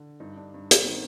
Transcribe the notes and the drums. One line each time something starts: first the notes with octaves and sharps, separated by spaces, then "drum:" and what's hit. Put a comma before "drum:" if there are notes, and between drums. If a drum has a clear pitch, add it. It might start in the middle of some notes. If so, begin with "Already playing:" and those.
Already playing: D3
G2 D#4
D4
G2
C4, drum: hi-hat
D#3 B3